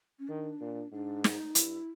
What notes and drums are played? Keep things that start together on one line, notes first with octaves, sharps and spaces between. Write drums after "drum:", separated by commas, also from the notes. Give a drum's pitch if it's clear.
C#4
D#3 D4
A#2
G#2 D4
D#4, drum: snare
G2 E4, drum: hi-hat